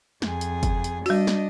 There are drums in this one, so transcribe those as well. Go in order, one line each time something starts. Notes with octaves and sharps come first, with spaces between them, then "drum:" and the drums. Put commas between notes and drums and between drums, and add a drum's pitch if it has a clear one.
F2 G#4, drum: snare
drum: hi-hat
drum: kick F#1, hi-hat
drum: hi-hat
G3 D4 F#4 D#5, drum: open hi-hat
drum: snare